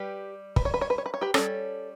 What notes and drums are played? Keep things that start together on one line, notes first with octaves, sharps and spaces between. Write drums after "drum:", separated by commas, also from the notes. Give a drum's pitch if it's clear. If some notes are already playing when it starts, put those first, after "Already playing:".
Already playing: G3 G4 B4
B4, drum: kick
C#5
B4
C#5
B4
C#5
B4
C#5
G4 B4
G3 C#4 A4 C#5, drum: rim click